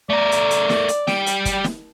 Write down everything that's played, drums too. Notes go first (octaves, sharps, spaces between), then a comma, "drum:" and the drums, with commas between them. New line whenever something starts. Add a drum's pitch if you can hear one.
A3 A#4 D5
drum: hi-hat
drum: hi-hat
drum: snare
drum: hi-hat
G3 G5, drum: snare
drum: hi-hat
drum: kick, hi-hat
drum: snare